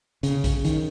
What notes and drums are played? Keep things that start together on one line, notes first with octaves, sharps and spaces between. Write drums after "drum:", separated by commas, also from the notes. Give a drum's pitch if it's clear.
C#3, drum: hi-hat
drum: kick A#1, hi-hat
D#3, drum: hi-hat